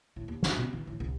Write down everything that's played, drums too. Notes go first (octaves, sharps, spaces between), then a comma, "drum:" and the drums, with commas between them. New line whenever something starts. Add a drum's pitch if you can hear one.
A2
D#2
D4, drum: snare
B2
E3
A2
C2